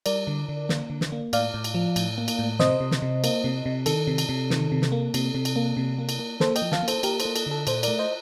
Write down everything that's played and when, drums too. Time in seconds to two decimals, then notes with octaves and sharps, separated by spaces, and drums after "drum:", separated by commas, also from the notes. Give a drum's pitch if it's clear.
0.06 G3 A#4 D5, drum: cymbal
0.27 D3
0.49 D3
0.69 A#3, drum: snare
0.90 D3
1.01 drum: snare
1.12 A#3
1.33 A2 D5 F5, drum: cymbal
1.54 A2
1.64 drum: cymbal
1.74 F3
1.96 A2, drum: cymbal
2.18 A#3
2.28 drum: cymbal
2.39 A2
2.59 C3 C5 D#5, drum: snare
2.80 C3
2.91 drum: snare
3.02 C3
3.24 A#3, drum: cymbal
3.44 C3
3.66 C3
3.86 D#3 A4, drum: cymbal
4.07 C3
4.18 drum: cymbal
4.29 C3
4.50 D#3, drum: snare
4.72 C3
4.82 drum: snare
4.92 A#3
5.14 C3, drum: cymbal
5.35 C3
5.45 drum: cymbal
5.56 A#3
5.77 C3
5.98 A#3
6.09 drum: cymbal
6.19 A#3
6.40 A#3 A4 C5, drum: snare
6.56 D#5 G5, drum: cymbal
6.62 F3
6.72 F5 A5, drum: snare
6.83 A#3
6.88 A4 C5, drum: cymbal
7.03 A#3 G4 A#4, drum: cymbal
7.20 A4 C5, drum: cymbal
7.25 A#3
7.36 A4, drum: cymbal
7.46 D3 A4
7.67 A#2 A4 C5, drum: cymbal
7.83 A3 A#4 D5, drum: cymbal
7.99 C5 D#5